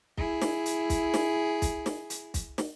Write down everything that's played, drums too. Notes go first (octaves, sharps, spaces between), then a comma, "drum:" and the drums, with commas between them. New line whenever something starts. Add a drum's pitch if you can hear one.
E4 G#4, drum: kick
drum: snare
drum: hi-hat
drum: kick, hi-hat
drum: snare
drum: kick, hi-hat
drum: snare
drum: hi-hat
drum: kick, hi-hat
drum: snare